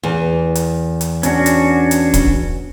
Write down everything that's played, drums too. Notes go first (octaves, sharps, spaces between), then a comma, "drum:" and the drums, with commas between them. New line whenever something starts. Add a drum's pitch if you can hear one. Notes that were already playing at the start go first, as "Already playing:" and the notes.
E2
drum: hi-hat
drum: hi-hat
C#4 D4 F#4, drum: hi-hat
drum: hi-hat
drum: hi-hat
drum: kick, hi-hat